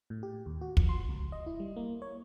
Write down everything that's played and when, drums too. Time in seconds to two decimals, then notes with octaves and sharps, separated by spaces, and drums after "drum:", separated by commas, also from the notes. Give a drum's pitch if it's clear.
0.10 A2
0.23 G4
0.46 D#2
0.61 F#4
0.77 F3, drum: kick
0.89 C6
1.09 C#2
1.32 D#5
1.46 E4
1.60 G3
1.76 A#3
2.02 C#5